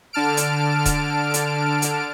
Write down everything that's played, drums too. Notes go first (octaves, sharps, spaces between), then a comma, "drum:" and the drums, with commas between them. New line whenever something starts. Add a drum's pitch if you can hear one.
D3 A5 F6 D7
drum: hi-hat
drum: kick D#1, hi-hat
drum: hi-hat
drum: hi-hat